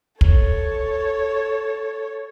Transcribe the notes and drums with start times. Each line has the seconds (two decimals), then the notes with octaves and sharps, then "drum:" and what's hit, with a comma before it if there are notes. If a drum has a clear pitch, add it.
0.21 A4 C#5, drum: kick